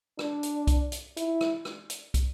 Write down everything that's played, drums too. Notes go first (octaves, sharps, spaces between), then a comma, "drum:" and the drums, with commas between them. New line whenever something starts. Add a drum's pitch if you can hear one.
D4, drum: rim click
drum: hi-hat
drum: kick, hi-hat
drum: hi-hat
E4, drum: hi-hat
drum: rim click
drum: rim click
drum: hi-hat
drum: kick, hi-hat